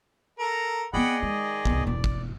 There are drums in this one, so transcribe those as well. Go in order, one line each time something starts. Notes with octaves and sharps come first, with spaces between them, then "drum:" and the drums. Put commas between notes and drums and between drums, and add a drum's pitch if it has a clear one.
A4 A#4
B3 C4 G#4 D5 D#5 F#5 G5 B5
D#3 G#3
C2 B3, drum: kick
E1 D5
drum: kick